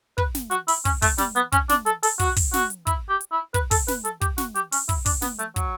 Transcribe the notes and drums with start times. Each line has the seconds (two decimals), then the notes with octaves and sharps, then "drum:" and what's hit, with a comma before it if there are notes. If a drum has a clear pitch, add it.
0.18 B4, drum: kick
0.35 drum: snare
0.51 F#4, drum: hi-hat
0.68 E4, drum: open hi-hat
0.85 C#4, drum: kick, hi-hat
1.02 A3, drum: kick, open hi-hat
1.18 G3, drum: snare
1.36 B3, drum: hi-hat
1.52 C#4, drum: kick, hi-hat
1.69 D4, drum: snare
1.86 A4, drum: hi-hat
2.03 A4, drum: open hi-hat
2.19 F#4, drum: kick, hi-hat
2.36 drum: kick, open hi-hat
2.53 F#4, drum: snare
2.70 drum: hi-hat
2.87 E4, drum: kick, hi-hat
3.09 G4
3.21 drum: hi-hat
3.32 E4
3.54 B4, drum: kick, hi-hat
3.71 A4, drum: kick, open hi-hat
3.88 B4, drum: snare
4.05 A4, drum: hi-hat
4.21 G4, drum: kick, hi-hat
4.38 F#4, drum: snare
4.55 G4, drum: hi-hat
4.72 C#4, drum: open hi-hat
4.89 E4, drum: kick, hi-hat
5.06 D4, drum: kick, open hi-hat
5.22 B3, drum: snare
5.39 A3, drum: hi-hat
5.56 F#3, drum: kick, hi-hat